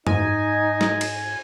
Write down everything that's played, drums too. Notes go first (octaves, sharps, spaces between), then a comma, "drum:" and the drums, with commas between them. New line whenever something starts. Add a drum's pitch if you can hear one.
G#2 D#4 D#5 G#5, drum: tom F#2
drum: snare
drum: cymbal